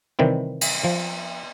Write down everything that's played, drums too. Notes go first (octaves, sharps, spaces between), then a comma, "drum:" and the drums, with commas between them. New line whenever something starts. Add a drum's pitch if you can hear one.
C3 D#3 E3 G3 C4
drum: cymbal
F3